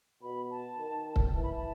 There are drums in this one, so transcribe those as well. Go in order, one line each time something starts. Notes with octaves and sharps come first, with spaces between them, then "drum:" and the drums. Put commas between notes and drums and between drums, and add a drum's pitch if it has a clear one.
B2 B5
A5
D#3
drum: kick C#1
E3 A5
B5
A5